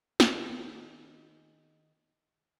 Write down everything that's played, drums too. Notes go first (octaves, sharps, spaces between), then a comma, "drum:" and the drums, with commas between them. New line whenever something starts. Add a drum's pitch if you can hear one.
D#3 G#4, drum: snare